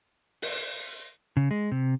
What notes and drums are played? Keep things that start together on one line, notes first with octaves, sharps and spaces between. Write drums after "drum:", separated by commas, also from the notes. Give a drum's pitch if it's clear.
drum: open hi-hat
C#3
G#3
C3